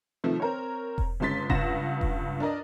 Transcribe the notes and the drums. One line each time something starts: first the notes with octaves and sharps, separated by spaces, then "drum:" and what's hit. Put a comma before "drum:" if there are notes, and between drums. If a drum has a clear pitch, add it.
C3 D#3 F3 A3
C4 A#4 C#5
drum: kick E1
G1 C#3 G#3 C6 A6 B6
C#2 G2 F#5 A#6 E7, drum: kick E1
drum: kick E1
D4 A#4 D5 D#5